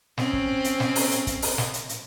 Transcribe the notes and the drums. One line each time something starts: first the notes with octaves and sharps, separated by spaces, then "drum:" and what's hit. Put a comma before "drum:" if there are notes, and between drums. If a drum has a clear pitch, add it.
C4 C#4, drum: snare
drum: kick
drum: hi-hat
drum: snare
drum: open hi-hat
drum: hi-hat
drum: kick, hi-hat
drum: open hi-hat
drum: snare
drum: hi-hat
drum: hi-hat